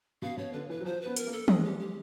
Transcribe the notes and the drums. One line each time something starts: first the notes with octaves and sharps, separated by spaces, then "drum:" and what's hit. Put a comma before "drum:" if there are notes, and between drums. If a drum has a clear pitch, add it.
B2 F5
B2 C#5
D3 B4
E3 B4
F#3
F3 C5
B3 B4
A#4, drum: hi-hat
A#3
A4
G#3 G#4, drum: tom
G4
G4